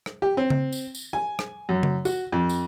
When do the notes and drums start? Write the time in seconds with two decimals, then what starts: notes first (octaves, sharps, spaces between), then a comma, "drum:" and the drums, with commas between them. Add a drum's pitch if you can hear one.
0.06 drum: rim click
0.22 G4
0.37 C4
0.50 drum: tom C#3
0.73 drum: tambourine
0.95 drum: tambourine
1.13 G#5
1.39 drum: rim click
1.69 F#2
1.83 drum: tom C#3
2.05 F#4, drum: tambourine
2.32 F2
2.49 drum: tambourine